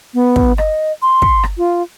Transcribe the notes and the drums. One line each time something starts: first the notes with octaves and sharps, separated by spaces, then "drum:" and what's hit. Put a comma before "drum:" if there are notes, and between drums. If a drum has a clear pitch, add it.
B3
drum: kick
D#5, drum: rim click
C6
drum: kick
drum: rim click
F4